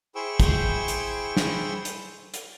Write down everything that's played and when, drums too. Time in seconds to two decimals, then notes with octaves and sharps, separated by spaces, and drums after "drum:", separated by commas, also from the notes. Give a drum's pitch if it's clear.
0.15 E4 G#4 C5 G5 C#6 E6
0.40 drum: kick, hi-hat
0.88 drum: hi-hat
1.37 drum: snare
1.85 drum: hi-hat
2.34 drum: hi-hat